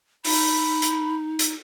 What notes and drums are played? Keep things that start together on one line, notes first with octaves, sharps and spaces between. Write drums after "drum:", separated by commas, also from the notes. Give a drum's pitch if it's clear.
D#4 B5, drum: open hi-hat
drum: hi-hat
drum: hi-hat